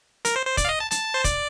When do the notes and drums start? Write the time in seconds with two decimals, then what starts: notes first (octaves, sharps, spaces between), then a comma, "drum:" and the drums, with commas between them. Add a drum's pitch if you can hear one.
0.25 A#4, drum: hi-hat
0.36 C5
0.46 C5
0.57 D5, drum: kick, hi-hat
0.65 F5
0.69 D#5
0.80 A5
0.91 A5, drum: hi-hat
1.14 C5
1.24 D5, drum: kick, hi-hat